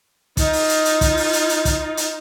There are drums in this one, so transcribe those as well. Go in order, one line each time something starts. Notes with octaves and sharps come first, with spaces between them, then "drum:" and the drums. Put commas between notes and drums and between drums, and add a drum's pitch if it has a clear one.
D#4 F4, drum: kick, hi-hat
drum: open hi-hat
drum: hi-hat
drum: hi-hat
drum: kick, hi-hat
drum: open hi-hat
drum: hi-hat
drum: hi-hat
drum: kick, hi-hat
drum: hi-hat